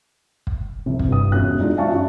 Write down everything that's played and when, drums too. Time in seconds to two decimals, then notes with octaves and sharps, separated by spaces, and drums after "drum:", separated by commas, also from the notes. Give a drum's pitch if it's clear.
0.47 drum: kick
0.86 F1 C2
0.99 drum: kick
1.08 G2 D#6
1.32 E1 F#2 F#6
1.59 F#3 G#3 D4 D#4 F4
1.77 D5 E5 F5 G#5 A5 C#6
1.91 F#2